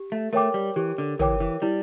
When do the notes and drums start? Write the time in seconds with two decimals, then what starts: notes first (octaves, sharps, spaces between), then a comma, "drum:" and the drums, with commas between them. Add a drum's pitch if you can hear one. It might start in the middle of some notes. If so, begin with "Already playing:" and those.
Already playing: G4
0.12 A3
0.33 A3 A#4 C#5 G5 D6
0.54 G3
0.76 E3 G4
0.98 D3
1.19 E3 A#4 C#5 G5 D6, drum: tom
1.40 E3
1.62 G3 E4